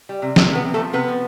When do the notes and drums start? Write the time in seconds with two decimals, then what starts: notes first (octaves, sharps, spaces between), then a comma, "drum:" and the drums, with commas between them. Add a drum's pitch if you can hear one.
0.09 G3
0.22 C3
0.36 C3 C4 C5, drum: snare
0.51 C3 B3 B4
0.65 C3
0.74 A3 A4
0.80 F3
0.93 C3 B3 B4
1.08 F3